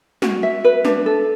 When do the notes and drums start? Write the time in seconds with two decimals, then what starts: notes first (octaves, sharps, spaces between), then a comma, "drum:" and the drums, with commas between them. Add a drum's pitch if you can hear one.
0.22 F#4, drum: snare
0.43 E5
0.65 B4
0.85 D4, drum: snare
1.06 A4